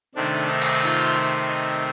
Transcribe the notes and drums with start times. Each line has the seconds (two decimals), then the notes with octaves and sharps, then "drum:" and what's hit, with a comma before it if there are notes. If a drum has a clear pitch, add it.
0.15 C3 D#3 A3 C4 D4
0.48 D#4
0.62 drum: cymbal
0.82 F4
1.48 D#4